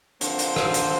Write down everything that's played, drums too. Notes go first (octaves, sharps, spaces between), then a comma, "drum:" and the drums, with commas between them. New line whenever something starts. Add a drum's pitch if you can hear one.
D3 F3 A#3 C4 C5, drum: hi-hat
drum: hi-hat
drum: rim click
drum: hi-hat